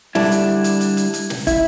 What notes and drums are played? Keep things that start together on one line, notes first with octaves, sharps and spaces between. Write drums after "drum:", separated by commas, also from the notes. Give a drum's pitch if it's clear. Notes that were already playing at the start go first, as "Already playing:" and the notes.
D3 G3 D4 E4, drum: snare
drum: hi-hat
drum: hi-hat
drum: hi-hat
drum: hi-hat
drum: hi-hat
drum: snare
E4, drum: kick, hi-hat